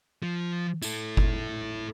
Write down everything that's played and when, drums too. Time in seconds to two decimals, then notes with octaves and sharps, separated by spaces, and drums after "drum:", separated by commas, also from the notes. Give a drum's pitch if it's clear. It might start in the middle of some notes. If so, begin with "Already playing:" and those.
0.23 F3
0.82 E4 A4, drum: tambourine
1.17 drum: kick G1